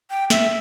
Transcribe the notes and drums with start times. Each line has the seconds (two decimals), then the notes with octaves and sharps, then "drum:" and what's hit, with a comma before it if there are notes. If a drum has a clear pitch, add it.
0.10 G5
0.30 E5, drum: snare